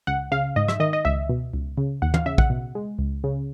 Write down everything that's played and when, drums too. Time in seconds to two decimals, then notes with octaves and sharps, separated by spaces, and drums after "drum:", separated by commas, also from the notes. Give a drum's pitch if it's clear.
0.07 C#2 F#5
0.31 C#3 F5
0.56 G#2 D#5
0.68 E5, drum: rim click
0.80 D#3 D#5
0.93 D#5
1.05 C#2 E5
1.29 B2
1.54 C#2
1.78 C#3
2.02 D#2 F#5
2.14 F5, drum: tom
2.26 C#3 E5
2.38 F#5, drum: kick A#1
2.50 B2
2.75 G#3
2.99 C#2
3.24 C#3